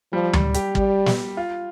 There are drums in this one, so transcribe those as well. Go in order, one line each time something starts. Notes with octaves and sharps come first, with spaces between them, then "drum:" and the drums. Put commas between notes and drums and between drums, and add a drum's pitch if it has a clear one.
F3 G3
G3, drum: tom D2
G4, drum: hi-hat
G3, drum: kick
drum: snare
F4